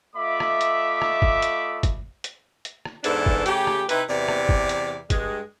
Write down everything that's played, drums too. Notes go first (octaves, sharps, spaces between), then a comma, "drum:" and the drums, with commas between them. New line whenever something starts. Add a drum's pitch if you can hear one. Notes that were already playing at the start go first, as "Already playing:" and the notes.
A3 F4 D#5 E5 B5 D6
drum: rim click
drum: hi-hat
drum: rim click
drum: kick G1
drum: hi-hat
drum: kick G1, hi-hat
drum: hi-hat
drum: hi-hat
drum: rim click
E2 G#2 E3 D4 A4, drum: hi-hat
drum: kick G1
C#3 A3 G4, drum: hi-hat
drum: rim click
C3 D#4 E4 B4, drum: hi-hat
E2 C3 E3 D5
drum: rim click
drum: kick G1
drum: hi-hat
G2 G#3, drum: kick G1, hi-hat